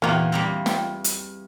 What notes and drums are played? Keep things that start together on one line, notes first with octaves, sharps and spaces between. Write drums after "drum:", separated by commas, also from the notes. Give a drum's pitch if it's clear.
E2 A#2 D#3 A#3 F4 F#4
G3 A#3 C4
F4 G4, drum: snare
drum: hi-hat